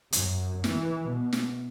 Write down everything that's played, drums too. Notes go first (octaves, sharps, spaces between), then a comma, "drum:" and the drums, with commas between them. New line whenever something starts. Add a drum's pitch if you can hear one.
F#2, drum: hi-hat
E3, drum: snare
B2
drum: snare